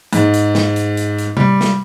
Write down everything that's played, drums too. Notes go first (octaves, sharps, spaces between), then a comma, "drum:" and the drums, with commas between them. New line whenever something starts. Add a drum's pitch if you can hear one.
G#2, drum: hi-hat
drum: hi-hat
drum: snare
drum: hi-hat
drum: hi-hat
drum: hi-hat
G3, drum: tom C3
drum: snare